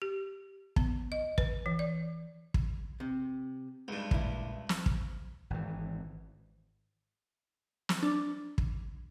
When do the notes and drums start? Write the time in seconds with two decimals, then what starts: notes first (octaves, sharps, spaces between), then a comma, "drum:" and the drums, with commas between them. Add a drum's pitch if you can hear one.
0.02 G4
0.76 B3, drum: kick
1.12 D#5
1.38 B4, drum: kick
1.66 E3
1.79 D5
2.54 drum: kick
3.00 C3
3.88 C#2 G2
4.11 A#2 E4, drum: kick
4.69 drum: snare
4.86 drum: kick
5.50 G#1 E3
7.89 drum: snare
8.03 D4
8.58 drum: kick